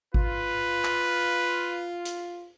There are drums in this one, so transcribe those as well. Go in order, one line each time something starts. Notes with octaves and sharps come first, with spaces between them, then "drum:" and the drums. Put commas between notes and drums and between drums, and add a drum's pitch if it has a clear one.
F4 B4, drum: kick G#1
drum: clap
drum: hi-hat